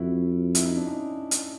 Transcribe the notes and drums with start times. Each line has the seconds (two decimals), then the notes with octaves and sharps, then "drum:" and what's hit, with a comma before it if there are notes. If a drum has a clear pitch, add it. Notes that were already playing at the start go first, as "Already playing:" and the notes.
Already playing: F2 E4 F#4
0.55 E4, drum: hi-hat
0.65 D#4
0.77 D4
0.87 C#4 D#4
1.31 drum: hi-hat